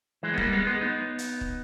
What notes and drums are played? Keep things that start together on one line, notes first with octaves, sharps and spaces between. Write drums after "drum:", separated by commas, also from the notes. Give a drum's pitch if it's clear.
E3 G#3
B3
G3 A#3, drum: kick
G#3 B3
G#3 B3
B3 D#4
drum: hi-hat
drum: kick